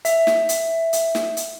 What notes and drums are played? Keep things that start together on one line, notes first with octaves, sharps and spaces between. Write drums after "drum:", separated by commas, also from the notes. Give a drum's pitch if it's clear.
E5, drum: hi-hat
drum: snare
drum: hi-hat
drum: hi-hat
drum: snare
drum: hi-hat